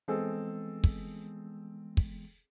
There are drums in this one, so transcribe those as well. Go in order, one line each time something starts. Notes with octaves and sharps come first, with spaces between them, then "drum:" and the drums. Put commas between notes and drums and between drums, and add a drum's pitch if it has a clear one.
E3 G#3 B3 C4 G#4 A4
drum: kick
drum: kick